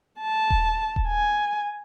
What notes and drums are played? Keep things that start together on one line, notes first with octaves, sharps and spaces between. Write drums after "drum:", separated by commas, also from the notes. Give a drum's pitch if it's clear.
A5
drum: kick D#1
drum: kick D#1
G#5